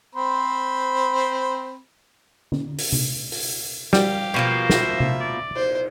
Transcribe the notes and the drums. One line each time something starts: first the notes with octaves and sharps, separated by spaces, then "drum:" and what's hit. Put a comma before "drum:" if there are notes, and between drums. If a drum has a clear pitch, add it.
C4 C5 B5
drum: tom
drum: open hi-hat
drum: tom C3
drum: open hi-hat
G3 G4 F5, drum: snare
B2 F3 A#3 C5
E5, drum: snare
drum: tom C3
D5
C5, drum: cymbal